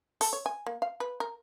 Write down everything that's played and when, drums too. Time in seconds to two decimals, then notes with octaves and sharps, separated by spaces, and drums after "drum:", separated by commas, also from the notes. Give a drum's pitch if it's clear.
0.21 A4, drum: open hi-hat
0.33 C#5
0.46 G#5
0.66 A#3
0.82 F5
1.00 B4
1.20 A#4